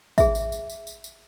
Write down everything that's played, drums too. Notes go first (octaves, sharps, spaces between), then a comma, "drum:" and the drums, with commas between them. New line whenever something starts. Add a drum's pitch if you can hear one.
G#4 E5, drum: kick, tambourine
drum: tambourine
drum: tambourine
drum: tambourine
drum: tambourine
drum: tambourine